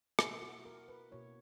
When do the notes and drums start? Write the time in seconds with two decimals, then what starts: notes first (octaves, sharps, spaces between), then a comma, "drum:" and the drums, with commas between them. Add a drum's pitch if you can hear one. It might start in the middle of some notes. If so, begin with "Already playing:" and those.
0.19 B2 A#3 E4 E5, drum: rim click
0.42 F#4
0.65 A#4
0.88 B4
1.11 B2 A#3 E4 C#5